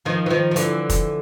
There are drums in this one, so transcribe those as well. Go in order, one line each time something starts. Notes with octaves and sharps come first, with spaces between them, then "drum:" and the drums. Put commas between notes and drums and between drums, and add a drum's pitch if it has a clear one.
D#3 F3
E3
D#3 F3
F3
D3 E3, drum: hi-hat
drum: kick, hi-hat